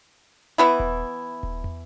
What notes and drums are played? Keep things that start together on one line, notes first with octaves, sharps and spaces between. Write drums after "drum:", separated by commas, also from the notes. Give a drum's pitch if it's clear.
E3 B3 E4
drum: kick D#1
drum: kick D#1
drum: tom